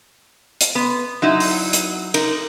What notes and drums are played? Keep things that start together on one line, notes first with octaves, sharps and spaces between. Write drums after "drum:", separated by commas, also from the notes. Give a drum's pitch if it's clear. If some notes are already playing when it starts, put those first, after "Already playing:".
drum: hi-hat
B3
F#3 D#4 E4
drum: open hi-hat
drum: hi-hat
D#4 A#4, drum: cymbal